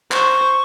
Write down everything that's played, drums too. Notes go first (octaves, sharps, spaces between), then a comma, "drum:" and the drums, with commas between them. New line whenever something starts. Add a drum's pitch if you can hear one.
C5 C#6, drum: clap